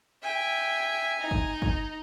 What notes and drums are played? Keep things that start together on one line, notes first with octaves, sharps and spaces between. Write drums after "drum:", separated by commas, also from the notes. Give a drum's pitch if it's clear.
E5 G5 G#5
D#4
drum: kick
drum: kick